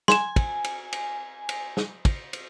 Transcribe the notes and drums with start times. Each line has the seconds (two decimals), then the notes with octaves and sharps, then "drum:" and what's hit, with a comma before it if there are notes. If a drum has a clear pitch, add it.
0.08 G#5 C6 E7, drum: snare
0.36 drum: kick, cymbal
0.64 drum: cymbal
0.93 drum: cymbal
1.49 drum: cymbal
1.77 drum: snare
2.05 drum: kick, cymbal
2.33 drum: cymbal